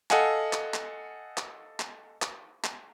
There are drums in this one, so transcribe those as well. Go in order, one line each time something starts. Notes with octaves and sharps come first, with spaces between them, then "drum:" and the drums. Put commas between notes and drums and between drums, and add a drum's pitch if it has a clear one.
A4 D#5 F5 F#5 G#5, drum: clap
drum: clap
drum: clap
drum: clap
drum: clap
drum: clap
drum: clap